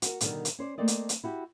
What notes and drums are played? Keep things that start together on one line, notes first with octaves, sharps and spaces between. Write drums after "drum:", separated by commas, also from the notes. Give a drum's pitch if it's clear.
F#4 A#4, drum: hi-hat
B2 D3 D#3 G3 A#4, drum: hi-hat
drum: hi-hat
C#4 C5 D5
A3 A#3 C4 D5 D#5
drum: hi-hat
drum: hi-hat
E4 F#4 G4